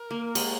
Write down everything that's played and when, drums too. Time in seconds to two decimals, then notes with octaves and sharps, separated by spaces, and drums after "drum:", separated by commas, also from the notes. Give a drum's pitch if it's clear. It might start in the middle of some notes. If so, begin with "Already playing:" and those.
Already playing: A#4
0.11 A#3
0.35 G#3, drum: cymbal